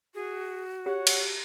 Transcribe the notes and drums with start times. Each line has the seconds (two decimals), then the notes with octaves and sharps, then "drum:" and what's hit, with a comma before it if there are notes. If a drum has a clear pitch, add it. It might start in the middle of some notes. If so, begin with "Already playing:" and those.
0.15 F#4 G#4
0.86 G4 C#5 F#5
1.07 drum: cymbal